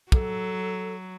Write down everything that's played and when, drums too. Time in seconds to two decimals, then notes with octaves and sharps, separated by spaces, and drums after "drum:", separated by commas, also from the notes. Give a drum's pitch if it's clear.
0.12 F#3 A4, drum: kick